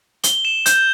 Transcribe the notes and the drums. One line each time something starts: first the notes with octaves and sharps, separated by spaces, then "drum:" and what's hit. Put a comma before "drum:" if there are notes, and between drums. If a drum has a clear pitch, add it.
G7, drum: hi-hat
E7
G6, drum: hi-hat